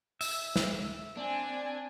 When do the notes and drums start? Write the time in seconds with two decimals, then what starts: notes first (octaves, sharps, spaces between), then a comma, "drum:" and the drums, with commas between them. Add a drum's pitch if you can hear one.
0.21 E5, drum: open hi-hat
0.56 drum: snare
1.17 C4 D4 G#5